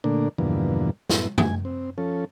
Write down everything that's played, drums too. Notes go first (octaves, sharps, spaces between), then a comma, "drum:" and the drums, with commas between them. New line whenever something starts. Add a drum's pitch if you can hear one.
A#2 D3 A3 A#3 D4
E2 G2 B2 D3 F3 A#3
F#2 A2 B3 E4, drum: snare
G#5, drum: tom
C4
F3 C#4 A4